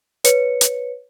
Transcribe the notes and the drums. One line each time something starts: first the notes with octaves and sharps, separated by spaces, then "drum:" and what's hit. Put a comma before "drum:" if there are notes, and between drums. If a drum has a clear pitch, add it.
B4 C#5 C#7, drum: hi-hat
drum: hi-hat